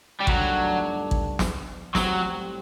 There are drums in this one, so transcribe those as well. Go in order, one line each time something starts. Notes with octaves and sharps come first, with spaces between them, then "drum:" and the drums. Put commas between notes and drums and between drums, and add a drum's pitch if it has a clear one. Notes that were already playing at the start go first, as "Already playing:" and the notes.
G3
G1 G2 D#3 F#3 A3 D4, drum: kick
drum: kick
drum: snare
A2 F#3 G3 C4 G4, drum: snare